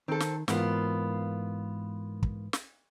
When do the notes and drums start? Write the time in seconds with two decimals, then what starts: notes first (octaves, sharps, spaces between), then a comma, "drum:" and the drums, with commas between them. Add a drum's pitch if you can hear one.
0.08 D#3 C4 A4
0.20 drum: snare
0.48 G#2 E3 A#3 B3 F4, drum: snare
2.23 drum: kick
2.53 drum: snare